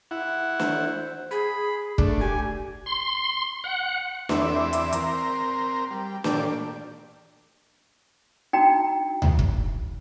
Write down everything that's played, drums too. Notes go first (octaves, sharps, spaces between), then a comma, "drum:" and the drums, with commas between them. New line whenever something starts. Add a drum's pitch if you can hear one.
E4 F#5
C5, drum: snare
G#4 B5
A3 D4, drum: kick
G4 G#5
C6
F#5
E2 E3 C4 D5 E5, drum: snare
drum: hi-hat
C4 A#4, drum: hi-hat
G3
A#2 A3 G4 D5, drum: snare
D4 D#4 F#4 G5 A#5
drum: tom D2
drum: kick